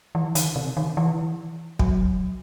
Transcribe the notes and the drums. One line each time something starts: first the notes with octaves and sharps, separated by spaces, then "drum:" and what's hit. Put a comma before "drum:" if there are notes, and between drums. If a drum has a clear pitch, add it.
E3
D#3, drum: hi-hat
C3
D#3
E3
F#3, drum: kick